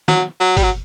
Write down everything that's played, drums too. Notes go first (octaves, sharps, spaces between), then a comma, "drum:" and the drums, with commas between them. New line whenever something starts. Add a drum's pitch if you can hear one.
F#3, drum: snare
F#3
G3, drum: kick, open hi-hat
F#3